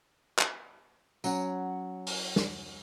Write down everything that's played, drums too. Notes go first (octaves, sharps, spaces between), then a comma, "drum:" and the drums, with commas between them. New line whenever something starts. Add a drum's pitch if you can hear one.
drum: clap
F#3 C#4 F#5, drum: tambourine
drum: open hi-hat
drum: snare